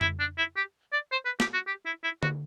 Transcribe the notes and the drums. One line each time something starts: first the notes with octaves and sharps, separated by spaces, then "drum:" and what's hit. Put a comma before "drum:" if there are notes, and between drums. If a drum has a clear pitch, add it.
E4, drum: tom F2
D4
E4
G4
D5
C5
B4
G4, drum: snare
F#4
G4
E4
E4
F#4, drum: tom D3